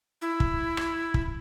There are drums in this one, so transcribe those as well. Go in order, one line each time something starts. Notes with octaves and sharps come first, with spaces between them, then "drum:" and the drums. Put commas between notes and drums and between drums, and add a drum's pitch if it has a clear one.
E4
drum: kick
drum: rim click
drum: kick